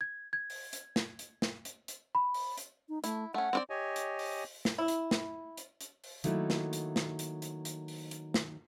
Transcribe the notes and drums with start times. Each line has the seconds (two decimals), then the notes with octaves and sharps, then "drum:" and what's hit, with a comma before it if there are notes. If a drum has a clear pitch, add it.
0.01 G#6
0.33 G#6
0.50 drum: open hi-hat
0.73 drum: hi-hat
0.96 drum: snare
1.19 drum: hi-hat
1.42 drum: snare
1.65 drum: hi-hat
1.88 drum: hi-hat
2.15 B5
2.34 drum: open hi-hat
2.57 drum: hi-hat
2.89 D#4
3.04 A3 E4, drum: hi-hat
3.34 A3 C#4 F#5
3.53 C4 D4 D5
3.70 G4 C#5 D#5 G#5
3.96 drum: hi-hat
4.19 drum: open hi-hat
4.65 drum: snare
4.78 E4
4.88 drum: hi-hat
5.11 drum: snare
5.57 drum: hi-hat
5.81 drum: hi-hat
6.04 drum: open hi-hat
6.24 D#3 F#3 A3 A#3 E4, drum: hi-hat
6.50 drum: snare
6.73 drum: hi-hat
6.96 drum: snare
7.19 drum: hi-hat
7.42 drum: hi-hat
7.65 drum: hi-hat
7.88 drum: open hi-hat
8.11 drum: hi-hat
8.34 drum: snare